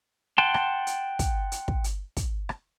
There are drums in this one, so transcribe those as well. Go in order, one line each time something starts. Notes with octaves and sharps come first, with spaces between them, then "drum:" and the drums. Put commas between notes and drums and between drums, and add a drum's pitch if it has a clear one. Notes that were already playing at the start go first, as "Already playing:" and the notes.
F#5 G5 A5 C6
drum: rim click
drum: hi-hat
drum: kick, hi-hat
drum: hi-hat
drum: kick
drum: hi-hat
drum: kick, hi-hat
drum: rim click